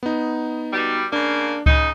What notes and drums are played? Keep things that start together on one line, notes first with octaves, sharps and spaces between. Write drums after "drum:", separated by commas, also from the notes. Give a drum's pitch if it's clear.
B3 D#4
B2 G3
C#3 A#3 D4
C#3 D#4, drum: kick C#2